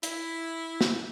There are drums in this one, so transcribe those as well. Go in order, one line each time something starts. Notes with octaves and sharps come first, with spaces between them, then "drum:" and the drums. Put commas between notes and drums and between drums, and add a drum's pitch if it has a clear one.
E4, drum: hi-hat
drum: snare